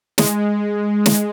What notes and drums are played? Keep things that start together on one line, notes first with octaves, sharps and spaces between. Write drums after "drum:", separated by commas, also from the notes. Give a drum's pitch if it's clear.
G#3, drum: snare
drum: snare